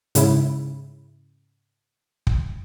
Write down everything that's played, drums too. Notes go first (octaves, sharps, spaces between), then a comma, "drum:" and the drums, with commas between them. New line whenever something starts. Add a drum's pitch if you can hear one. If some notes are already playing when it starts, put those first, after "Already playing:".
G#2 C#3 E4, drum: hi-hat
drum: kick